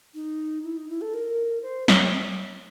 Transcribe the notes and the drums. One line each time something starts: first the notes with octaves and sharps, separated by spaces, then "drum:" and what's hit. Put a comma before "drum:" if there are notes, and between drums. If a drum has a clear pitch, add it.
D#4
E4
D#4
E4
A4
A#4
C5
C#5, drum: snare